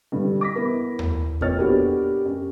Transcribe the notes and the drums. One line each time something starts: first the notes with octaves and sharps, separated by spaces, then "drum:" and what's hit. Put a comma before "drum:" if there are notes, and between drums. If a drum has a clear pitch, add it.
G2 D3 G3
D6 A#6 B6
E3 B3 E4 A#4
drum: tom D#2
F2 A#2 C4 C#5 F6 A6, drum: kick E2
B3 D4 F#4 G4 A4 A#4
F#2 G4